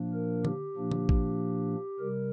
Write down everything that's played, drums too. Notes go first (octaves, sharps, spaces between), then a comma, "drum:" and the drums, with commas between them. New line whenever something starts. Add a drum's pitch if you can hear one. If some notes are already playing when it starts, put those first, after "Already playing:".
Already playing: A#2 F3 A#3 D4
A#4
G4, drum: tom D3
A#2 F3 A#3 D4
drum: tom D3
drum: kick A1
C3 G3 A#4